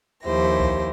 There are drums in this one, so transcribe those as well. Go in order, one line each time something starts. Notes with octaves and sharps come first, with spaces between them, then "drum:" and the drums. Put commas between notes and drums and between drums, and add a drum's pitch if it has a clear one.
D#2 F3 E4 G4 C5 A#6
drum: kick C2